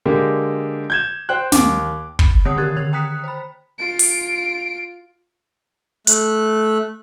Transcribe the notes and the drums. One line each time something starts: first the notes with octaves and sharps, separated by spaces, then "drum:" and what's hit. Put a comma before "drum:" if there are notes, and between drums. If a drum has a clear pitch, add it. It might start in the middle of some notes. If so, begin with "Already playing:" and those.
D3 G#3 A#3 G4
G6 G#6 E7
C5 G5 F#6
D#2 D6, drum: snare
B5, drum: kick
D3 A#3 C#5 F#5 D#6
D#3 G4 A#4 F#6 G#6 A6
D3 C#5 G#6 F7
G5 A#5 D#6 F#6 B6 C#7
C5 B5
F4 D7
drum: open hi-hat
A3 F#6, drum: hi-hat